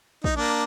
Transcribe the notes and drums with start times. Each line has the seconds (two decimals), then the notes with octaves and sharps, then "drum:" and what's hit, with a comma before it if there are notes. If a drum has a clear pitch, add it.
0.24 D#4, drum: kick
0.36 A#3 D4